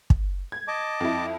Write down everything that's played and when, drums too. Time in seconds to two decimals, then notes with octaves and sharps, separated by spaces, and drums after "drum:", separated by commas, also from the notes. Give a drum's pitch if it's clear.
0.10 drum: kick
0.52 G#6
0.68 D#5 A5 D6
1.00 F2 E4